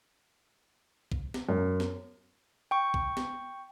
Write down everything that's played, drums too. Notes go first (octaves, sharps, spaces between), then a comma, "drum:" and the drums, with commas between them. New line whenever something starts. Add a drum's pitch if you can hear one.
drum: kick
drum: snare
F#2
drum: snare
G5 C#6
drum: kick
drum: snare